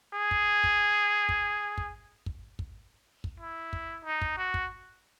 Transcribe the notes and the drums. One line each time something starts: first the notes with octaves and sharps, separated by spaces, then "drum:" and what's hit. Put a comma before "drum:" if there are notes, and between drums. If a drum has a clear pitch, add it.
G#4
drum: kick
drum: kick
drum: kick
drum: kick
drum: kick
drum: kick
drum: kick
E4
drum: kick
D#4
drum: kick
F#4
drum: kick